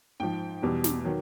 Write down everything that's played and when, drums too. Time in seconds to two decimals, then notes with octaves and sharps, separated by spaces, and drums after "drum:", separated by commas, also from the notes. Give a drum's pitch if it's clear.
0.20 G#2 F3 G5
0.62 E2 B2 G3
0.84 drum: snare
1.05 D#3 F#3